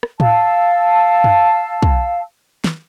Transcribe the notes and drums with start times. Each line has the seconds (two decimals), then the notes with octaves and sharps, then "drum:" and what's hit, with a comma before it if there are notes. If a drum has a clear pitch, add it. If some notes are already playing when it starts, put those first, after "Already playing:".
0.03 drum: rim click
0.20 F5 A5 E6, drum: tom A2
1.24 drum: tom F#2
1.82 drum: kick
2.64 drum: snare